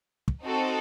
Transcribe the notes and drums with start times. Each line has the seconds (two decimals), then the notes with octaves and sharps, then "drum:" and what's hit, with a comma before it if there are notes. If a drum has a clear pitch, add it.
0.28 drum: kick
0.43 C4 D#4 F#4 A4